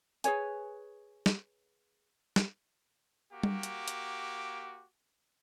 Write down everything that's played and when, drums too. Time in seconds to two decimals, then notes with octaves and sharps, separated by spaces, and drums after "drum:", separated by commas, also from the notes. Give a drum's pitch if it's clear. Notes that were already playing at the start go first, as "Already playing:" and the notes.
0.24 G#4 B4 C#5 G#5, drum: hi-hat
1.26 drum: snare
2.36 drum: snare
3.32 A#3 F#4 G4 D6
3.43 drum: tom G3
3.63 drum: hi-hat
3.88 drum: hi-hat